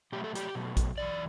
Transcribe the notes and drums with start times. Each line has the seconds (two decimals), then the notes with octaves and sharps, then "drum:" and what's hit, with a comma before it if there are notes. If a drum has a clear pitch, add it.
0.12 B2 F#3 A3 G4
0.24 A4
0.35 G4, drum: hi-hat
0.55 B2 F#3 A3
0.77 drum: kick A#1, hi-hat
0.98 F#2 E3 D5